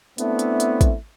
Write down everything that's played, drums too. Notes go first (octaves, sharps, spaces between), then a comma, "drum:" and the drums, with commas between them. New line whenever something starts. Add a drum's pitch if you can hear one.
A3 B3 C4 D4 E4, drum: hi-hat
drum: hi-hat
drum: hi-hat
drum: kick, hi-hat